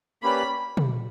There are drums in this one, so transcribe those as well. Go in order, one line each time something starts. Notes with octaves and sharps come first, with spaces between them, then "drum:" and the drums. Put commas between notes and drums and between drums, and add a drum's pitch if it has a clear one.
A#3 C#4 G4 B4 D5 B5
drum: tom